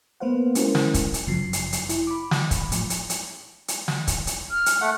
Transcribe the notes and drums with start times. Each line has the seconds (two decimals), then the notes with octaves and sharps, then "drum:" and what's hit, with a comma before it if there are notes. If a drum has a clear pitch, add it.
0.20 A#3 B3 B4 C5 F5 F#5
0.55 G#3 C#4 E4 F#4 A#4 C5, drum: hi-hat
0.75 drum: snare
0.94 drum: kick, hi-hat
1.14 drum: hi-hat
1.26 G1 F#2 C#3 F3 F#3 C7
1.53 drum: hi-hat
1.73 drum: hi-hat
1.89 E4, drum: hi-hat
2.07 B5 D6
2.31 drum: snare
2.51 drum: kick, hi-hat
2.72 A2 F3, drum: hi-hat
2.90 drum: hi-hat
3.10 drum: hi-hat
3.68 drum: hi-hat
3.88 drum: snare
4.07 drum: kick, hi-hat
4.27 drum: hi-hat
4.51 F6
4.66 drum: hi-hat
4.81 A3 F#5